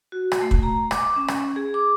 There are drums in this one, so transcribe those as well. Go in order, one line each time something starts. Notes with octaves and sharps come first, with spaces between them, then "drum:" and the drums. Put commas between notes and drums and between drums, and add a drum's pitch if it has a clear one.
F#4
drum: rim click
A3
drum: kick
A#5
D6, drum: rim click
C#4
drum: rim click
G#4
D6